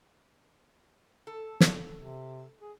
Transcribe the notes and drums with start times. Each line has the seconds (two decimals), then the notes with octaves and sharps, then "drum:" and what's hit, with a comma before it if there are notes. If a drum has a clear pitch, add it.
1.27 A4
1.60 drum: snare
1.97 C3
2.61 G#4